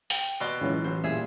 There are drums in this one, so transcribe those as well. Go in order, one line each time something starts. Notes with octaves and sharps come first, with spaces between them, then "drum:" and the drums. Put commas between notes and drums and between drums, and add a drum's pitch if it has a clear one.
G5, drum: open hi-hat
B2 D5 C6 D#6
C#2 A2 E3 F#3
A1 C5
A#2 G3 G#4 E5